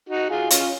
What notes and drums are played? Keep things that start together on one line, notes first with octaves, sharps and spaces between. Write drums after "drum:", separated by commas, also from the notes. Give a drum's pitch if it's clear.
D#4 F#4
F4 G#4
C#4 F4, drum: hi-hat